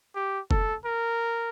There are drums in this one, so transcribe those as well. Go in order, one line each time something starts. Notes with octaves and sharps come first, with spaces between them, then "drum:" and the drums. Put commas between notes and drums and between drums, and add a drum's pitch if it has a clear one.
G4
A4, drum: kick
A#4